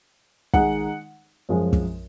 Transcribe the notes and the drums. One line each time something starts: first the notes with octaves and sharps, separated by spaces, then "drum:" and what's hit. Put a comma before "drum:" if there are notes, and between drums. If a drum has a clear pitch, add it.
D#3 G#3 D#4 F#5, drum: kick
F#2 F3 G#3 C#4
drum: kick